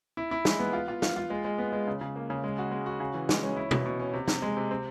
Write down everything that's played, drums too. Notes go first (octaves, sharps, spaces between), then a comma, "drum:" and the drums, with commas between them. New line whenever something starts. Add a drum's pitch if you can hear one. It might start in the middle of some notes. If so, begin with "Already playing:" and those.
E4
E4
G#3, drum: snare
B3
F4
F4
F4, drum: snare
F4
G#3
G#3
B3
G#3
C#3
C#3
A#3
C#3
G#3
F#4
G#3
F#4
C#3
E3
G#3, drum: snare
C#4
E4
B2, drum: tom B2
B2
C#4
C3
C3, drum: snare
G#3
C3
C4